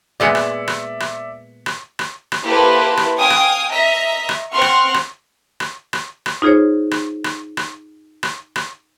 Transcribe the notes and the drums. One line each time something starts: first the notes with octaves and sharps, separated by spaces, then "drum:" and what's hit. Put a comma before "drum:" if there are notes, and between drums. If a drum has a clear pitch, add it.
A#2 G#3 B3 D5 E5 C#7
drum: rim click
drum: rim click
drum: rim click
drum: rim click
drum: rim click
drum: rim click
A#3 E4 G4 A4 B4 C5
drum: rim click
F5 G5 G#5 D#6
drum: rim click
D#5 E5 A#5 B6
drum: rim click
C4 F#5 C6 C#6 F6
drum: rim click
drum: rim click
drum: rim click
drum: rim click
drum: rim click
D#4 F4 G#4 C5 C#5
drum: rim click
drum: rim click
drum: rim click
drum: rim click
drum: rim click